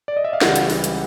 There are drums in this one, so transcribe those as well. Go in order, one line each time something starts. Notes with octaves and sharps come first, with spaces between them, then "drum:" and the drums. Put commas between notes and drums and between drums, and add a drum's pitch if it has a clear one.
D5
D#5
E5
F5
C#2 C#3 E3 G3 F#5, drum: snare
drum: hi-hat
drum: open hi-hat
drum: hi-hat